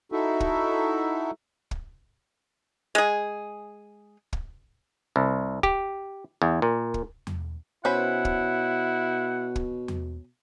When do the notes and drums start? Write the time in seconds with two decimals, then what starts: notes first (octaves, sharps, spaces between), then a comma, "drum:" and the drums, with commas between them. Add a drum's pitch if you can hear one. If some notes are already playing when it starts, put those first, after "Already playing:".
0.12 D#4 E4 F#4 A4 E5
0.40 drum: kick
1.71 drum: kick
2.95 G#3 G#4
4.33 drum: kick
5.16 C2
5.63 G4, drum: kick
6.42 E2
6.62 A#2
6.94 drum: kick
7.27 drum: tom E2
7.85 B2 C#4 E4 B4 C5 F#5
8.25 drum: kick
9.56 drum: kick
9.88 drum: tom E2